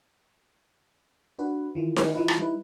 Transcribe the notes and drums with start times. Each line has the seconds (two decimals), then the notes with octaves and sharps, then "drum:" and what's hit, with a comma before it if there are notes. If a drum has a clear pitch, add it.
1.39 D4 F#4 B4
1.75 D#3 E3 F4
1.96 D#3, drum: snare D#4
2.15 E3 D#4 F4 B4
2.28 drum: rim click
2.38 G3 D#4 E4 B4